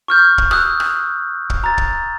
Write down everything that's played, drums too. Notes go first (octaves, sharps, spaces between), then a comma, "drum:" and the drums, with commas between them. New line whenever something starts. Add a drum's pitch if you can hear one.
C#6 F6 G6
drum: kick
D#6 E6 F#6, drum: rim click
drum: rim click
drum: kick
A#5 A6
drum: kick